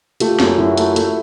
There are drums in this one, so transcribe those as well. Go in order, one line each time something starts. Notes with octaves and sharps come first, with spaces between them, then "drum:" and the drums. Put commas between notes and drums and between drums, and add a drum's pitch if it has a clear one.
A3 F4 G4, drum: hi-hat
F#2, drum: snare
F#2 E4 F#4
A3, drum: hi-hat
A3, drum: hi-hat